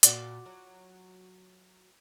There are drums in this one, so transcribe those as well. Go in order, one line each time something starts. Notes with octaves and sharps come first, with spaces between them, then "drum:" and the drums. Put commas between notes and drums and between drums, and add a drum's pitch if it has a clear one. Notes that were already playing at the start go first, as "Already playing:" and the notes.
A#2 F#4 D5, drum: hi-hat
F#3